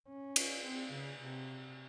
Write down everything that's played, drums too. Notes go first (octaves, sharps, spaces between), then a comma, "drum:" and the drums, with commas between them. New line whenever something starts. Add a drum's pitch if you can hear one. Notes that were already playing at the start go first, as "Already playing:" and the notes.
C#4
drum: cymbal
C4
C#3
C3